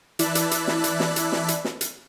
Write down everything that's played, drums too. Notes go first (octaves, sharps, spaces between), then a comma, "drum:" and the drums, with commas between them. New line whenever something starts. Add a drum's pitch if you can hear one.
E3 E4 D5 A5 F#6 B6, drum: hi-hat
drum: hi-hat
drum: hi-hat
drum: snare
drum: hi-hat
drum: snare
drum: hi-hat
drum: snare
drum: hi-hat
drum: snare
drum: hi-hat